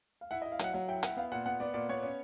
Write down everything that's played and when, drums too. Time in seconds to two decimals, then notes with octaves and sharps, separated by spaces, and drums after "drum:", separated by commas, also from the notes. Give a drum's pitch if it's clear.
0.21 F5
0.31 E4 F#5
0.42 D#5
0.45 E4
0.52 F5
0.59 F#3 F#5, drum: hi-hat
0.74 F#3 F#5
0.89 E4 G5
1.03 E4 F#5, drum: hi-hat
1.17 B3 F5
1.32 A#2 F#5
1.46 B3 F#5
1.60 B3 D5
1.74 A#2 D5
1.89 B3 C#5
2.03 C#4